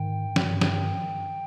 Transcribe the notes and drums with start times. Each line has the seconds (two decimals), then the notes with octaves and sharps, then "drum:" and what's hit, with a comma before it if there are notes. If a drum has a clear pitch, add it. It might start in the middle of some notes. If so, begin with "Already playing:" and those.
Already playing: G#2 D#3 G5
0.26 G2 D#3
0.36 drum: snare
0.61 G5, drum: snare